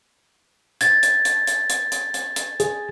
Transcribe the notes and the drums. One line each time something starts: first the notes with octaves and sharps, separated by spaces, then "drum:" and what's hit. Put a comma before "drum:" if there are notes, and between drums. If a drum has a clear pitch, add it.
G#6 A6, drum: hi-hat
drum: hi-hat
drum: hi-hat
drum: hi-hat
drum: hi-hat
drum: hi-hat
drum: hi-hat
drum: hi-hat
G#4, drum: hi-hat